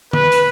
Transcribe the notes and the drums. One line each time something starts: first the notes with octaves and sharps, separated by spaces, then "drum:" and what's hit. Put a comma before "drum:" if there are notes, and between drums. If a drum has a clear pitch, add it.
B4, drum: tom D3
drum: hi-hat